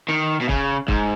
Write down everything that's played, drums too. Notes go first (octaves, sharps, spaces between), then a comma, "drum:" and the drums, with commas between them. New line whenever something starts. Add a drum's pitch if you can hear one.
D#3
B2
C#3, drum: kick
G#2, drum: kick